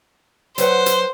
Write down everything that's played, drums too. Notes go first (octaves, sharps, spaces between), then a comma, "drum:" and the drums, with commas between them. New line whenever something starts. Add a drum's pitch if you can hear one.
F#3 B4 C5 F#5, drum: hi-hat
drum: hi-hat